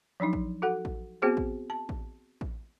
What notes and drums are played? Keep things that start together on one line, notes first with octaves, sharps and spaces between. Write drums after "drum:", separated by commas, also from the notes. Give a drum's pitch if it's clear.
F3 F#3 D4 D#4
drum: kick A1
F#4 A4 F#5
drum: kick A1
B3 C4 F#4 G#4 C5
drum: kick A1
A5
drum: kick A1
drum: kick A1